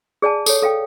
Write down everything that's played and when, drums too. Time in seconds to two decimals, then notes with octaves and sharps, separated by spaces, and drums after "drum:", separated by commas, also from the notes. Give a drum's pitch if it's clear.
0.22 G#4 D5 G#5 A5
0.46 A4 C#5, drum: tambourine
0.62 A4 F5 G5